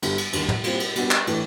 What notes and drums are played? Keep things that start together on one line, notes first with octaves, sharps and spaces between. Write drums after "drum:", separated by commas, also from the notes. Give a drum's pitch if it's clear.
G1 G2 D3 G3, drum: cymbal
drum: cymbal
D#2 D3 G3, drum: cymbal
drum: tom
A#2 G3 C4, drum: cymbal
drum: cymbal
B2 G3 B3 D4, drum: cymbal
drum: clap
A2 E3 A3 D4, drum: cymbal